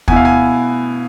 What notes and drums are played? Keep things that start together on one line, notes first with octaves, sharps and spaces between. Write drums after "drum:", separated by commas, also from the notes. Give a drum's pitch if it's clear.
B2 B3 E4 G#5, drum: kick
F5
G#5